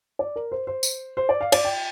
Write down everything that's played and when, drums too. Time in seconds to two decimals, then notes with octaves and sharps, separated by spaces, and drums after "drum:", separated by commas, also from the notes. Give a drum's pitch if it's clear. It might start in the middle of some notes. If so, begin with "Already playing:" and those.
0.19 D5
0.36 A#4
0.52 C5
0.67 C5
0.83 drum: tambourine
1.17 C5
1.29 D5
1.41 F5
1.52 D5, drum: cymbal
1.65 G5